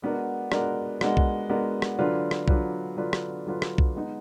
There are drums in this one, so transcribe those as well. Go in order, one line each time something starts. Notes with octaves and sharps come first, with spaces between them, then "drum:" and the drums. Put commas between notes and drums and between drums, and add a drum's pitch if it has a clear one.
G#3 B3 D4 F#4 A#4
G#3 B3 D4 F#4 A#4, drum: rim click
G#3 B3 D4 F#4 A#4, drum: rim click
drum: kick
G#3 B3 D4 F#4 A#4
drum: rim click
D3 F#3 D4 F4 B4
drum: rim click
D3 F#3 D4 F4 B4, drum: kick
D3 F#3 D4 F4 B4
drum: rim click
D3 F#3 D4 F4 B4
drum: rim click
drum: kick
G#3 B3 D#4